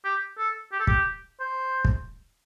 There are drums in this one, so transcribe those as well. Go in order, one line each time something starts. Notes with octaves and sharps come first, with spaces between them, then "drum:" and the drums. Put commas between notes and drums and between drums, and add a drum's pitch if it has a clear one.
G4
A4
G4
A4
G4, drum: kick
C5
drum: kick